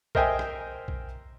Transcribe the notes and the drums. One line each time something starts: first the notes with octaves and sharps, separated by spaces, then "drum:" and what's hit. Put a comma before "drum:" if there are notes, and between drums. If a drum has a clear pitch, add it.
A#4 C5 D#5 E5 G5 G#5, drum: kick B1
drum: rim click
drum: kick B1